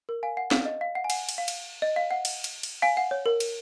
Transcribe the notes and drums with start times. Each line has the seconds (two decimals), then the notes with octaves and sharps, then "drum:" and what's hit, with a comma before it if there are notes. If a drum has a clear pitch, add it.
0.09 A#4
0.23 F5 G#5
0.37 F#5
0.51 F5, drum: snare
0.65 D#5
0.81 F5
0.95 F#5
1.04 G#5
1.10 F#5, drum: cymbal
1.29 drum: cymbal
1.38 F5
1.48 drum: cymbal
1.82 D#5
1.96 F5
2.11 F#5
2.25 drum: cymbal
2.44 drum: cymbal
2.63 drum: cymbal
2.82 F5 G#5
2.97 F#5
3.11 C#5
3.26 A#4
3.40 drum: cymbal